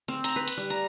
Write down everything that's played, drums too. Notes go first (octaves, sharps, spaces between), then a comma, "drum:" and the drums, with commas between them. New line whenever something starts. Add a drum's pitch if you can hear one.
C4
A#5, drum: hi-hat
B4
drum: hi-hat
G3
A#5